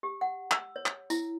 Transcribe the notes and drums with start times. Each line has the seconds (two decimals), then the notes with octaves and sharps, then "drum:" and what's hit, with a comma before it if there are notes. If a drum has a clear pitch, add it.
0.03 G4
0.21 F#5
0.51 E6, drum: clap
0.76 C#5
0.86 drum: clap
1.10 E4, drum: tambourine